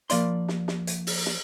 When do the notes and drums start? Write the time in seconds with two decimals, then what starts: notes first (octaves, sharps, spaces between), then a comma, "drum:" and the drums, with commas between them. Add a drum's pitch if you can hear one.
0.10 F3 A#3 D5 C6, drum: hi-hat
0.48 drum: snare
0.68 drum: snare
0.87 drum: hi-hat
1.07 drum: open hi-hat
1.26 drum: snare